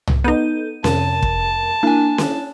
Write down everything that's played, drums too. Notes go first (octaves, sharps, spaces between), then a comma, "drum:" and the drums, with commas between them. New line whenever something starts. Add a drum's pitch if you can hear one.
drum: tom C2
B3 D#4 A4 G6 D#7
F2 C3 A#4 A5, drum: snare C#4
drum: kick
A#3 D4 E4 G#5
drum: snare C#4